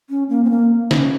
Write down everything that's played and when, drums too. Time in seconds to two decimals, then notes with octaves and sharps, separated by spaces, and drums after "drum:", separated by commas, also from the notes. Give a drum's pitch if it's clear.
0.10 C#4
0.29 A#3
0.44 C4
0.50 A#3
0.91 C#4, drum: snare